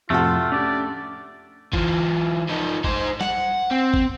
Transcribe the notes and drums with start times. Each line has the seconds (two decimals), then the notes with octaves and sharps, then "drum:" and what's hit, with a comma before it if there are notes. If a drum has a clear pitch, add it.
0.10 F2 A2 C3 A3 F4 F#4 A4
0.52 C#4 D4 G4 D5
1.73 E3 F4, drum: kick A1
2.49 F3 D#4
2.84 D#4 C5, drum: kick A1
3.21 F#5, drum: snare
3.71 C4
3.94 drum: kick A1